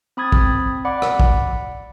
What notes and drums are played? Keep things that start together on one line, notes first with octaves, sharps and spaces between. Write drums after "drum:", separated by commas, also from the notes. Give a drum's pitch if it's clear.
C4 B5 D#6 G#6 A6
drum: kick
D5 F#5 B5 D6
drum: rim click
drum: kick